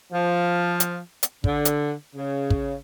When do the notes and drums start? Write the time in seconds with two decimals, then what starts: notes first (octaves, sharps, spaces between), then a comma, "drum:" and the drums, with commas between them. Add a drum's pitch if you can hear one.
0.11 F3
0.80 drum: hi-hat
1.23 drum: hi-hat
1.44 D3, drum: kick
1.65 drum: hi-hat
2.15 C#3
2.50 drum: kick